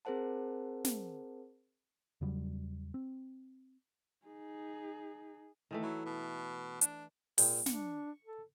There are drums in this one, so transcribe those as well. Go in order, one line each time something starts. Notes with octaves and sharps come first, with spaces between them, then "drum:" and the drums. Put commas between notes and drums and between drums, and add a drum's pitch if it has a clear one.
C4 G#4 A#4 C5 F#5 A5
drum: snare
E2 C#3 F#3 G3
C4
D#4 G#4
D#3 E3 A3
F#3 E4
B2
D4, drum: hi-hat
A#2 G#3 G5, drum: open hi-hat
D4 C#6, drum: snare
A4